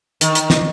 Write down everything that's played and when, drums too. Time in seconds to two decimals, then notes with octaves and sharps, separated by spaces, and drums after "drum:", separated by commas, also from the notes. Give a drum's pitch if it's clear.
0.21 D#3, drum: hi-hat
0.35 drum: hi-hat
0.50 drum: snare